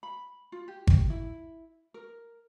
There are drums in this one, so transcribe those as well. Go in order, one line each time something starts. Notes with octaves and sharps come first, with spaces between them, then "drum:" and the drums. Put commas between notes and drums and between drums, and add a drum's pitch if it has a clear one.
B5
F4
G4
drum: kick G#1
E4
A#4